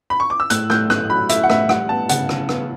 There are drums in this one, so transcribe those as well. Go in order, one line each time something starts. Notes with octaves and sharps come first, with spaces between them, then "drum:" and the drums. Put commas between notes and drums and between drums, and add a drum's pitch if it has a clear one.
B5
C#6
D6
E6
A2 F#6, drum: hi-hat
A2 G6, drum: rim click
A2 F#6, drum: rim click
F#3 B5
A3 E5, drum: hi-hat
F#5
A2 E5, drum: rim click
G3 F#5, drum: rim click
B3 A5
C#3 F#5, drum: hi-hat
C#3, drum: rim click
B3, drum: rim click